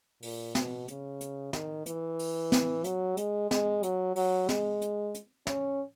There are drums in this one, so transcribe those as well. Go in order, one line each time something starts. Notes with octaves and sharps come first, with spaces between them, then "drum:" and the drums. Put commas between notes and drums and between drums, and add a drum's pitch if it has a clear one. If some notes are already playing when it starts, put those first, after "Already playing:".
A#2, drum: open hi-hat
B2, drum: snare
C#3, drum: hi-hat
drum: hi-hat
D#3, drum: snare
E3, drum: hi-hat
drum: open hi-hat
drum: snare
F#3, drum: hi-hat
G#3, drum: hi-hat
G#3, drum: snare
F#3, drum: hi-hat
F#3, drum: open hi-hat
G#3, drum: snare
drum: hi-hat
drum: hi-hat
C#4, drum: snare